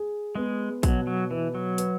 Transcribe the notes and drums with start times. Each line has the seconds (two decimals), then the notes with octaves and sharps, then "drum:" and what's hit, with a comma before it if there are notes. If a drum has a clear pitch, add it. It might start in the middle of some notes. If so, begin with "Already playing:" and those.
Already playing: G#4
0.35 G#3 B3
0.83 B2 F#3, drum: kick, hi-hat
1.07 F#3
1.31 E3 B4
1.55 F#3
1.78 B4, drum: hi-hat